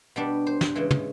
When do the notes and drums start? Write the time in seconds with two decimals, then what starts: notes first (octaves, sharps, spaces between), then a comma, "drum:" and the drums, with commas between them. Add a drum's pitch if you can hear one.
0.16 B2 G3 B3 D4
0.47 C5
0.61 drum: snare
0.75 C#3 E3 G#3
0.91 drum: tom